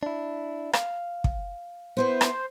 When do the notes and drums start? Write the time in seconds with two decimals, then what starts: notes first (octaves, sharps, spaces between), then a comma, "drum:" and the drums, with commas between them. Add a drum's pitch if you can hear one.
0.03 D4 E4
0.73 F5, drum: rim click
1.24 drum: kick
1.97 B3 E4 B4 C5
2.21 drum: rim click